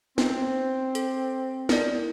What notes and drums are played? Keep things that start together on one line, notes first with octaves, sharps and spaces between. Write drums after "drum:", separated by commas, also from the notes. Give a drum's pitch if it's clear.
C4, drum: snare
A4, drum: hi-hat
E4 A#4 D5, drum: snare